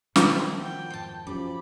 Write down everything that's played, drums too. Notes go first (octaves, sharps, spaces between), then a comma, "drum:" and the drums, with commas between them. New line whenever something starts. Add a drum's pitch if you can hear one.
B2 D#3 F3 E5 G5 A5, drum: snare
F#5 G5
F2 G#2 C5 A5
F#2 F3 A3 C#4 G4 B5 D6